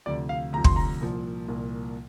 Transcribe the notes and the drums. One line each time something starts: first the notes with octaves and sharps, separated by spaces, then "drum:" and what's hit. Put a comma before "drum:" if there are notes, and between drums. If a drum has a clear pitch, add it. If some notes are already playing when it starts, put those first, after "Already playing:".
D2 C3 F3 D5
F5
D2 C3 F3 A#5
C6, drum: kick
A#5
C2 A#2 F3
C2 A#2 F3